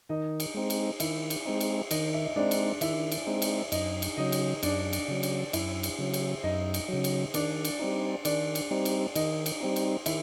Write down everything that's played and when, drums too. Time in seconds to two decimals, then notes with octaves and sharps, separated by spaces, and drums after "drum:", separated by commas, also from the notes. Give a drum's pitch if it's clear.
0.09 D#3 D#4 D#5
0.40 drum: cymbal
0.54 G#3 C4 D#4
0.70 drum: cymbal
1.00 D#3 E4 E5, drum: cymbal
1.30 drum: cymbal
1.46 G#3 C4 D#4
1.61 drum: cymbal
1.91 D#3 D#4 D#5, drum: cymbal
2.14 E5
2.25 D#5
2.36 G#3 C4 D4 D#4 D5
2.51 drum: cymbal
2.81 D#3 E4 E5, drum: cymbal
3.12 drum: cymbal
3.27 G#3 C4 D#4
3.42 drum: cymbal
3.72 F#2 D#4 D#5, drum: cymbal
4.02 drum: cymbal
4.17 C#3 F#3 D#4 D#5
4.32 drum: cymbal
4.63 F#2 D4 D5, drum: cymbal
4.93 drum: cymbal
5.08 C#3 F#3
5.23 drum: cymbal
5.53 F#2 E4 E5, drum: cymbal
5.83 drum: cymbal
5.99 C#3 F#3
6.14 drum: cymbal
6.43 F#2 D#4 D#5
6.74 drum: cymbal
6.88 C#3 F#3
7.04 drum: cymbal
7.34 D#3 D4 D5, drum: cymbal
7.65 drum: cymbal
7.79 G3 C4 D#4
8.25 D#3 D4 D5, drum: cymbal
8.55 drum: cymbal
8.71 G3 C4 D#4
8.85 drum: cymbal
9.15 D#3 D#4 D#5, drum: cymbal
9.46 drum: cymbal
9.61 G3 C4 D#4
9.76 drum: cymbal
10.06 D#3 E4 E5, drum: cymbal